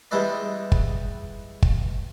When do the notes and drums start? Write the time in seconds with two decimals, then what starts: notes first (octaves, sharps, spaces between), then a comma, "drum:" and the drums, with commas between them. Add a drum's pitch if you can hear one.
0.11 E2 G3 G#3 E4 B4 D5
0.72 drum: kick
1.62 drum: kick